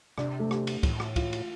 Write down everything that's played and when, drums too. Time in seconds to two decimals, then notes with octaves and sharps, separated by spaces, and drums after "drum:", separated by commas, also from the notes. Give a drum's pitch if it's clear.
0.18 C3 D4 D5, drum: rim click
0.39 A3 A4
0.51 G4, drum: rim click
0.67 drum: cymbal
0.83 A2, drum: kick, cymbal
1.00 drum: rim click
1.16 F4, drum: kick, cymbal
1.33 drum: cymbal